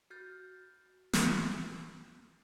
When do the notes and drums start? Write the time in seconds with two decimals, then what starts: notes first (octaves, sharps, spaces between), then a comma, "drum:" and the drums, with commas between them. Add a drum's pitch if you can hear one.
0.10 F#4 F6 G6 A6
1.13 drum: snare